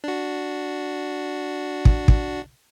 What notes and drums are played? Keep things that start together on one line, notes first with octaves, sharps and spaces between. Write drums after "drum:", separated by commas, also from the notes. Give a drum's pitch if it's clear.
D4 F#4
drum: kick
drum: kick